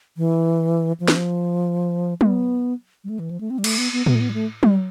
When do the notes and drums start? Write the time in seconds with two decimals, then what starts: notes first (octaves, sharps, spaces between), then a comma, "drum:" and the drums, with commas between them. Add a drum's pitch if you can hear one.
0.17 E3
1.00 F3
1.08 E3, drum: snare
1.16 F3
2.21 A3, drum: tom F#3
2.26 B3
3.04 G3
3.09 A3
3.19 E3
3.31 F3
3.40 A3
3.50 C4
3.58 G3
3.64 A3, drum: cymbal
3.78 B3
3.93 B3
4.06 B3, drum: tom
4.15 A3
4.20 B3
4.29 G3
4.34 A3
4.63 G3, drum: tom F#3